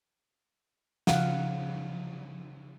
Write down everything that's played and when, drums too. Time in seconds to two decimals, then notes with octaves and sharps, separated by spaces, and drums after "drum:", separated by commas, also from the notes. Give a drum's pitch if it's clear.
1.07 C#3 F3 F5 F#5, drum: snare